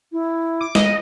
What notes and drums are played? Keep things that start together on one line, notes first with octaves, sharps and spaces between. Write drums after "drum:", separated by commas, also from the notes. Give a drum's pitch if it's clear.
E4
D6
D#5, drum: snare